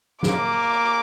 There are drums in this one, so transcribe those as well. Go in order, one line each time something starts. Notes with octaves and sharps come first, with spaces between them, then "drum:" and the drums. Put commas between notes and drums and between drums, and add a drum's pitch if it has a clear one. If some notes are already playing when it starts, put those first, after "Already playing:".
A#3 D6, drum: snare